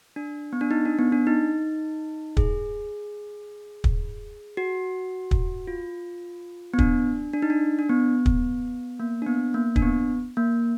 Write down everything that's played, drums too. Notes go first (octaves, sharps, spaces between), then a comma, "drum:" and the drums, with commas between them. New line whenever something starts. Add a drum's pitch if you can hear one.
D4
B3
D4
D#4
D4
B3
D4
D#4
G#4, drum: kick
drum: kick
F#4
drum: kick
F4
B3
D4, drum: kick
D4
D#4
D4
D4
B3
drum: kick
A#3
D4
B3
A#3
D4, drum: kick
B3
A#3